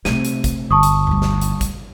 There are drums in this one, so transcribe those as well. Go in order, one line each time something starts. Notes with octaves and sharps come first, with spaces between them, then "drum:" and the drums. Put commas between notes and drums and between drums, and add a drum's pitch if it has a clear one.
C3 A3 D#7, drum: snare
drum: hi-hat
drum: kick, hi-hat
G1 A5 C#6 D#6
drum: hi-hat
D2 G3
drum: snare
drum: hi-hat
drum: kick, hi-hat